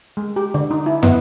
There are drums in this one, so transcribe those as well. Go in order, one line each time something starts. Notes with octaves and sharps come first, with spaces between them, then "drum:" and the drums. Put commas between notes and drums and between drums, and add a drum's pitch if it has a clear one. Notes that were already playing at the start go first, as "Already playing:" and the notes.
G#3
G4
D3
D#4
E4
B3, drum: tom